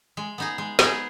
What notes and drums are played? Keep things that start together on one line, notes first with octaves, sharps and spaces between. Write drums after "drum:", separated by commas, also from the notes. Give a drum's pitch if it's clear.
G#3
B3 D#4 G#4
G#3
B3 D#4 G#4, drum: snare